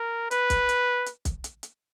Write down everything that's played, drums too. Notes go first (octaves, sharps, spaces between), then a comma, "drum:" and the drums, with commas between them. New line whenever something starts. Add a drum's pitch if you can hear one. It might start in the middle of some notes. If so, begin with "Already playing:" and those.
Already playing: A#4
B4, drum: hi-hat
drum: kick B1, hi-hat
drum: hi-hat
drum: hi-hat
drum: kick B1, hi-hat
drum: hi-hat
drum: hi-hat